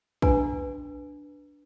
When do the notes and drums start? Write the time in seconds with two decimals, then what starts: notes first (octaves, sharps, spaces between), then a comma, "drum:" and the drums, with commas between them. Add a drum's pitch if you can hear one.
0.22 D4 B4 G#5 A#5, drum: kick